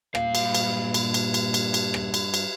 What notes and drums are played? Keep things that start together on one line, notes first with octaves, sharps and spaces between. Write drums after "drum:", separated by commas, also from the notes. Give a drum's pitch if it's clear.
G2 A#2 F5, drum: rim click
drum: cymbal
drum: cymbal
drum: cymbal
drum: cymbal
drum: cymbal
drum: cymbal
drum: cymbal
drum: rim click
drum: cymbal
drum: cymbal